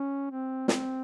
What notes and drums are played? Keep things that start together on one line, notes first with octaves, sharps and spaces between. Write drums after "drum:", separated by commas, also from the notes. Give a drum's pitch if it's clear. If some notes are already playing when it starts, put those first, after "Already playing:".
Already playing: C#4
C4
C4, drum: snare